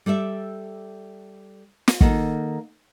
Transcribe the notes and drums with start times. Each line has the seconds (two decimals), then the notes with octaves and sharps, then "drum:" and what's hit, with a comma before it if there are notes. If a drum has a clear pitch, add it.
0.06 G3 A4 D5 E5
1.88 drum: snare
2.01 D#3 A#3 A4 D#5 F#5, drum: kick